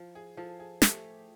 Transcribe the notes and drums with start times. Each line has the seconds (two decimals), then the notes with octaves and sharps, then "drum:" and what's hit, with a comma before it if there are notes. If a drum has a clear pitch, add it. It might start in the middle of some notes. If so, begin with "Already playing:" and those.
Already playing: F3
0.15 G#4
0.37 F3 A4
0.59 G#4
0.82 A3 G4, drum: snare